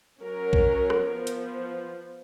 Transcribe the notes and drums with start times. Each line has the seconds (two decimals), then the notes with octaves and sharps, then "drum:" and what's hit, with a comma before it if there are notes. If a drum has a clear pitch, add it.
0.22 F#3 C#4 A#4
0.53 drum: kick A#1
0.90 drum: rim click
1.10 F3 B3
1.27 drum: hi-hat